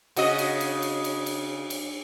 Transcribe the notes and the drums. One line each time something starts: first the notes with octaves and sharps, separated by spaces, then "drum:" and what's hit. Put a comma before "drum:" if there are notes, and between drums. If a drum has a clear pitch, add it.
C#3 F#4 D#5, drum: cymbal
drum: cymbal
drum: cymbal
drum: cymbal
drum: cymbal
drum: cymbal
drum: cymbal